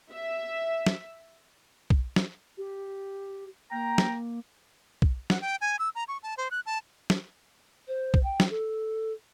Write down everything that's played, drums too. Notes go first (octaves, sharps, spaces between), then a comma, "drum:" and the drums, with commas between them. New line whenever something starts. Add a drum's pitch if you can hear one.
E5
drum: snare
drum: kick
drum: snare
G4
A#3 G5 A#5
drum: snare
drum: kick
F#5, drum: snare
G5
G#5
E6
A#5
C#6
A5
C5
F#6
A5
drum: snare
C5
drum: kick
G5
drum: snare
A4